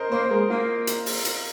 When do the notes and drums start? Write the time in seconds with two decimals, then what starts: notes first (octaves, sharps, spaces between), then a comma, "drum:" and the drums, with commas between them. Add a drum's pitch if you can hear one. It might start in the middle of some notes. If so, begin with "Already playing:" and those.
Already playing: A#4 C5 D#5
0.11 A#3 C5
0.31 G#3 A#4
0.49 A#3 F4
0.87 drum: hi-hat
1.06 drum: open hi-hat
1.25 drum: hi-hat